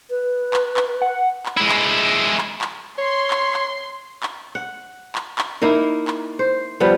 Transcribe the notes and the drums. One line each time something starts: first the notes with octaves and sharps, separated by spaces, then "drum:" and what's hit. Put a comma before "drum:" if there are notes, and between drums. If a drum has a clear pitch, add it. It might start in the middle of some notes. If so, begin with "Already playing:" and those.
B4
drum: clap
drum: clap
F#5
drum: clap
G#3 E4
drum: clap
drum: clap
drum: clap
C#5 C6
drum: clap
drum: clap
drum: clap
F#5
drum: clap
drum: clap
A#3 D#4 E4 A#4
drum: clap
C5
F3 G3 B3 B4